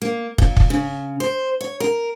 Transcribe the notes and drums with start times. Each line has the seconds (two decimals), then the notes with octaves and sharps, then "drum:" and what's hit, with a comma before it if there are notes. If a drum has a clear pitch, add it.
0.02 A#3
0.38 A#2, drum: kick
0.57 drum: kick
0.70 C#3
1.20 C5
1.61 C#5
1.80 A#4